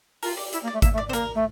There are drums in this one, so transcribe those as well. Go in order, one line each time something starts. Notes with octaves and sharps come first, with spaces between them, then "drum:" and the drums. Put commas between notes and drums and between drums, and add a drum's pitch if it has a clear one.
F4 A#4, drum: open hi-hat
D5
E4 E5, drum: hi-hat
A#3
D5
A3
A#3 E5, drum: kick G#1, hi-hat
A3
D5
C4 C5
A#3 A#4, drum: hi-hat
A3